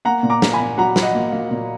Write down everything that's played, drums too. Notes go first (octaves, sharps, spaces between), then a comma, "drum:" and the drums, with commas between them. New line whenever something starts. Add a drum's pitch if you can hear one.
A#3 F#5 A#5
A#2
A#5 D6
A#3, drum: snare
G#5 B5
A#2
F#3 F#5 A#5
F#3, drum: snare
D#5 F#5
A#3
A#3
A#2